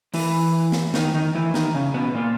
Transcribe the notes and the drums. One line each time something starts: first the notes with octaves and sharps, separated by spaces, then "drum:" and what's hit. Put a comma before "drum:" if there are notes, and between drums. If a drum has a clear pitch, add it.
E3 E4, drum: open hi-hat
drum: snare
D#3 D#4, drum: snare
D#3 D#4
E3 E4
D#3 D#4, drum: snare
C#3 C#4
B2 B3
A#2 A#3